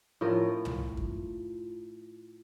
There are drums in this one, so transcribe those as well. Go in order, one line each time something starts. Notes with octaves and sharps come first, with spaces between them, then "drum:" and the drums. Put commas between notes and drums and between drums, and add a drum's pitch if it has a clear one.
A2 F3 F4 A#4
drum: tom
drum: kick F#2